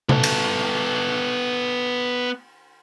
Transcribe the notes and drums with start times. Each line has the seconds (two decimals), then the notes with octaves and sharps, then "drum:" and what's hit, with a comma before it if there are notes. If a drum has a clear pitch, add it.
0.09 B3 A4, drum: tom C3
0.23 drum: cymbal